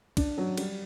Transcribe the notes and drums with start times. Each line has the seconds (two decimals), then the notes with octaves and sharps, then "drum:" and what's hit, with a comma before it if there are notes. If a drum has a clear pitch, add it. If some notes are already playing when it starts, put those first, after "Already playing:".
0.17 D4, drum: kick, cymbal
0.38 F#3
0.57 G3, drum: cymbal